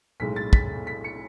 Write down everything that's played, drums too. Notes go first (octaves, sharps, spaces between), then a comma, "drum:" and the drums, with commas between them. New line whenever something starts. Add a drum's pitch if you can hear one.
B1 A2 G#3 B6
A6
B6, drum: kick
B6
C#7